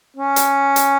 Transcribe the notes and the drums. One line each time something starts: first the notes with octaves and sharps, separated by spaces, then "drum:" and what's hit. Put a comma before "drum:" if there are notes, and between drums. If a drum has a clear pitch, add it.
C#4
drum: hi-hat
drum: hi-hat